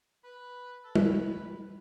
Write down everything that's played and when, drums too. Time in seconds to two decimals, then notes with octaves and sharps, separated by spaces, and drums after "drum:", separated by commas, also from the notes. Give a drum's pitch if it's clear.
0.24 B4
0.84 A4
0.95 B4, drum: tom